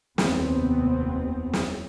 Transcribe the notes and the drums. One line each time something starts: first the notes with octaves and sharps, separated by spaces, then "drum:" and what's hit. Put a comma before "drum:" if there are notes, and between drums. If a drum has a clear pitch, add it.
F1 D#2 B3 C4, drum: snare
drum: snare